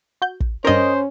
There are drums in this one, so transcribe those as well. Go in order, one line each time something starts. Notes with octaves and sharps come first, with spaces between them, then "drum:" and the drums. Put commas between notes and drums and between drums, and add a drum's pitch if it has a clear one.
F#4 G6
drum: kick
G2 C#4 A#4 C5 D5 D#5